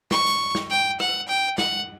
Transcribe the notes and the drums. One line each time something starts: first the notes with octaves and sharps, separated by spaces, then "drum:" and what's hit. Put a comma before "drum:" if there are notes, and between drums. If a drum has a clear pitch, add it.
C#6, drum: snare
drum: hi-hat
drum: snare
G5
F#5, drum: rim click
G5
F#5, drum: snare